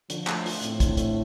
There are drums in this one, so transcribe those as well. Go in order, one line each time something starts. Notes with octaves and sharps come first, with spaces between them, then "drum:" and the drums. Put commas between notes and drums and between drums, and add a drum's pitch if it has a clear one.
D3 F3, drum: hi-hat
A3, drum: clap
F4, drum: open hi-hat
A2 C4, drum: hi-hat
D3, drum: kick, hi-hat
A3, drum: hi-hat